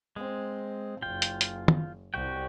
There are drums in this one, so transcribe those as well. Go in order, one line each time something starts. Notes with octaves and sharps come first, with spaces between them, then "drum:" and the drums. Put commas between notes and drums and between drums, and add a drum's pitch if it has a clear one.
G#3 C4
F#1 F4 G5
drum: hi-hat
drum: hi-hat
drum: tom
C2 F#4 G4 G5